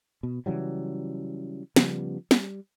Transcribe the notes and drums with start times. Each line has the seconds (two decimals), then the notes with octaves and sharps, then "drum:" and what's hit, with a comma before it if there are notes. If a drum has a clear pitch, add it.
0.23 B2
0.46 C#3 E3 F#3 G3
1.76 C#3 F3 G3 B3, drum: snare
2.31 G3, drum: snare